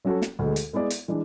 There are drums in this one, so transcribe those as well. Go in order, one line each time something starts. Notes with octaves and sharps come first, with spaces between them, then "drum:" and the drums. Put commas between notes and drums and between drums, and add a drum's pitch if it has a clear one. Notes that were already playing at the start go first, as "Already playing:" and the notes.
F#3 C#4 F#4 A4
drum: snare
D2 D3 G#3
drum: hi-hat
G#3 B3 E4 G#4 D5
drum: hi-hat
E3 G#3 D4